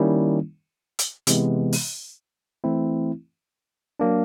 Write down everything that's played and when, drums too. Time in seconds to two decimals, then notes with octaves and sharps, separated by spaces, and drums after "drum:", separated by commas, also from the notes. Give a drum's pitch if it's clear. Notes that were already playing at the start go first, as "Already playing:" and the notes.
Already playing: D#3 G3 A#3 C#4 E4
0.99 drum: hi-hat
1.27 C3 E3 G#3 B3, drum: hi-hat
1.72 drum: open hi-hat
2.64 E3 A3 C4 E4
4.00 F#3 A#3 D4